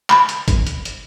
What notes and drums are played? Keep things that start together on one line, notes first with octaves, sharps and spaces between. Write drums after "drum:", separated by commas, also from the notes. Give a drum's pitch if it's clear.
B5, drum: clap
drum: hi-hat
drum: kick, hi-hat
drum: hi-hat
drum: hi-hat